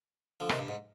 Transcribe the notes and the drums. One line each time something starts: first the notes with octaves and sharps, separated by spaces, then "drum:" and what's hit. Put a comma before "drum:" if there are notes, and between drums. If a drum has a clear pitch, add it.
D3 F3
C3 D#3, drum: rim click
G2
G#2